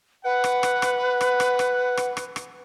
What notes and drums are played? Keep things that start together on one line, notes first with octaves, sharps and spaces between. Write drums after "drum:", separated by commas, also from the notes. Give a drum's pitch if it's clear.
B4 F#5
drum: rim click
drum: rim click
drum: rim click
drum: rim click
drum: rim click
drum: rim click
drum: rim click
drum: rim click
drum: rim click